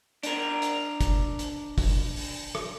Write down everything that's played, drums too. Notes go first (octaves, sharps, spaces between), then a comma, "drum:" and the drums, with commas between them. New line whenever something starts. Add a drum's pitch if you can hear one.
D4 A#4, drum: hi-hat
drum: hi-hat
drum: kick, hi-hat
drum: hi-hat
drum: kick, open hi-hat
drum: open hi-hat
drum: rim click